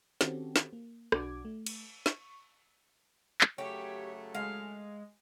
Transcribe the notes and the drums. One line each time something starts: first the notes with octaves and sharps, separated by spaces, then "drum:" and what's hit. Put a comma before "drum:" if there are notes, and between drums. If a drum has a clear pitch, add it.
D#3 C4 C#4 F#4 G4 A4, drum: snare
drum: snare
A#3
B1 D4 F#4 D6 G#6, drum: rim click
A3
drum: cymbal
C#6, drum: snare
drum: clap
C#3 F#3 A3 G4 C#5
G#3 F5